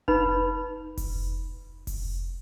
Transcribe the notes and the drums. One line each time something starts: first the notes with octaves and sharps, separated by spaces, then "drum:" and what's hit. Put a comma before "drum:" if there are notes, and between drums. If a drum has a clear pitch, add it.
D#4 B4 B5, drum: kick F1
drum: kick F1, open hi-hat
drum: kick F1, open hi-hat